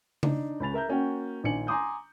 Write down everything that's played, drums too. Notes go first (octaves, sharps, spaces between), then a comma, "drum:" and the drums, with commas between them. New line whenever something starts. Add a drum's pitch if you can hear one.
D4 D#4, drum: tom C#3
C#2 C#4 B5 A6 F7
A#4 E5 A#5 G6
A#3 C#4 F#4 G5
A#1 D#3 D4 G#5 C#7 F#7
G#5 A#5 C6 D6 D#6 G6